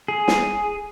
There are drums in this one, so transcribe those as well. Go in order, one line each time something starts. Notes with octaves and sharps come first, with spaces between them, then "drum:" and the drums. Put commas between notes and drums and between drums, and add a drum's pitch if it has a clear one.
G#4
drum: snare